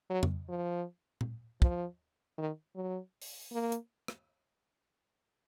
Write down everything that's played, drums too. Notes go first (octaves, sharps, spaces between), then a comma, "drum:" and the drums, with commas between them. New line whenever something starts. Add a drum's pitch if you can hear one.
F#3
drum: tom F2
F3
drum: tom A#2
F3, drum: kick
D#3
F#3
drum: open hi-hat
A#3
drum: hi-hat
drum: rim click